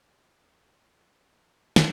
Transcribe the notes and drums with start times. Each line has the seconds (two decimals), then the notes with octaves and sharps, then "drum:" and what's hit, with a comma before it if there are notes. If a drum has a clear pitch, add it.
0.21 G4 B4
1.76 drum: snare